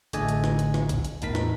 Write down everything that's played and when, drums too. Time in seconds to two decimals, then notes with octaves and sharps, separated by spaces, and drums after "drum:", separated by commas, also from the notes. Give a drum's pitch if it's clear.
0.13 A1 D3 A3 G#4 D#5 G#5, drum: hi-hat
0.29 drum: hi-hat
0.44 drum: snare
0.59 drum: hi-hat
0.74 drum: snare
0.89 drum: kick A1, hi-hat
1.05 drum: hi-hat
1.22 E2 A2 D#4 A#4 B6, drum: hi-hat
1.35 drum: snare